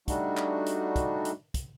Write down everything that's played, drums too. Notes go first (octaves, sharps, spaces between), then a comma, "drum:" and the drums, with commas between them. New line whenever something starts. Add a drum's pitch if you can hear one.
G3 A3 D4 D#4 F#4, drum: kick, hi-hat
drum: clap
drum: hi-hat
drum: kick, hi-hat
drum: hi-hat
drum: kick, hi-hat